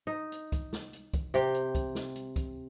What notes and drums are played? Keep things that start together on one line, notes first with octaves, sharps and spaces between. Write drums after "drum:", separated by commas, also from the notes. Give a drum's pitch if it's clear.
D#4
drum: hi-hat
drum: kick, hi-hat
drum: snare
drum: hi-hat
drum: kick, hi-hat
C3 G4, drum: hi-hat
drum: hi-hat
drum: kick, hi-hat
drum: snare
drum: hi-hat
drum: kick, hi-hat